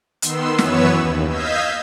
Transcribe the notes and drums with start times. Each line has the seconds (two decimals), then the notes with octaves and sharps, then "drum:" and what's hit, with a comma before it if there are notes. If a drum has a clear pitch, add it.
0.22 D#3 B3 C6 E6, drum: hi-hat
0.58 F#2 E3 B3 B4 C#5 E6, drum: snare
0.98 D#2
1.28 D#5 F5 E6 G6 G#6 B6